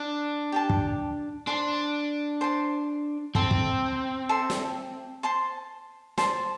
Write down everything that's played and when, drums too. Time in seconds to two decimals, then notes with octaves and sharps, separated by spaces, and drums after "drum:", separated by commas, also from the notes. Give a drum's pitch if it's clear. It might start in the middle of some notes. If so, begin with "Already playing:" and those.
Already playing: D4
0.52 G4 D5 A5
0.70 drum: kick
1.47 D4 C5 A5 C6
2.41 C5 A5 C6
3.35 C4 A4 E5 C6, drum: kick
3.51 drum: kick
4.29 A4 E5 C6
4.50 drum: snare
5.23 C5 A5 C6
6.18 C5 A5 C6, drum: snare